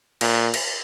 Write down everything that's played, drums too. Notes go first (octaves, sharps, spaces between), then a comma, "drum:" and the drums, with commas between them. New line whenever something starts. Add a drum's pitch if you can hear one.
A#2, drum: cymbal
drum: cymbal